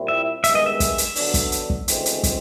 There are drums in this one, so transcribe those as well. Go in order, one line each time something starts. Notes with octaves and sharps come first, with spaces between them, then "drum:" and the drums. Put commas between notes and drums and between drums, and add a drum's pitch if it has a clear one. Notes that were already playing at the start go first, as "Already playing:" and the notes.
Already playing: A#2 G3 C4 E4
E5
G2 D#3 G#3 B3 E5, drum: hi-hat
D#5
E5
drum: kick, hi-hat
drum: hi-hat
D3 F#3 B3 D4, drum: open hi-hat
drum: kick, hi-hat
drum: hi-hat
drum: kick
D2 C#3 E3 G#3 C4, drum: hi-hat
drum: hi-hat
drum: kick, hi-hat